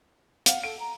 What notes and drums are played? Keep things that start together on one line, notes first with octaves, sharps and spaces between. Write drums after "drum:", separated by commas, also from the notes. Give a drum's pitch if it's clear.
F5 F#5, drum: hi-hat
A4 D7
A#5